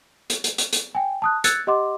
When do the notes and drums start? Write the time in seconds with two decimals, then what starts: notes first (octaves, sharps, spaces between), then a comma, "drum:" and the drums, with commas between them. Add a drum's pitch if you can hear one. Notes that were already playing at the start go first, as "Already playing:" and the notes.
0.30 drum: hi-hat
0.44 drum: hi-hat
0.58 drum: hi-hat
0.73 drum: hi-hat
0.95 G5 G#5
1.22 A5 D#6 F#6
1.44 E6 F#6 G#6 A6 C#7, drum: hi-hat
1.67 G4 D#5 F#5 C6 D6